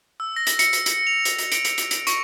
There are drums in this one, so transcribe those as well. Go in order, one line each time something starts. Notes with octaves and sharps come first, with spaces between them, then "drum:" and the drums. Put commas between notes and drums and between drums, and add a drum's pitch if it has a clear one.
E6
A#6
drum: hi-hat
C#7, drum: hi-hat
drum: hi-hat
drum: hi-hat
F7
drum: hi-hat
drum: hi-hat
D7, drum: hi-hat
drum: hi-hat
drum: hi-hat
drum: hi-hat
C#6, drum: hi-hat